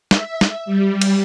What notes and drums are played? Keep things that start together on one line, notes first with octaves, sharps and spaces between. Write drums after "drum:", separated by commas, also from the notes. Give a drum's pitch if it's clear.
E5, drum: snare
drum: snare
G3
drum: cymbal